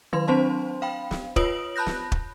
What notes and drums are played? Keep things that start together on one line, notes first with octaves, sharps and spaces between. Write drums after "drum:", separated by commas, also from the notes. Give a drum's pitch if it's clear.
D#3 F#3 B4 C6
C4 D4 C5 A5 C6
F5 G5 B5
drum: snare
F4 B4 C#5 D#6 D7 F#7, drum: kick
A5 B5 F#6 G6 A#6
drum: snare
drum: kick